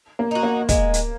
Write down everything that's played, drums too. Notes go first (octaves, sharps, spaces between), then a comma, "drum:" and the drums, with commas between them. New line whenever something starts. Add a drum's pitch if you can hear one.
A#3
D#4 F#4
A#3
G#3, drum: kick, hi-hat
drum: hi-hat